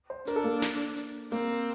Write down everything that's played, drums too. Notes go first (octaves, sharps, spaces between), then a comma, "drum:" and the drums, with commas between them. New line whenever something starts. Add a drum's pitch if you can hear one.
C5
D4 A#4, drum: hi-hat
A4
A#3
drum: snare
drum: hi-hat
A#3 C4, drum: open hi-hat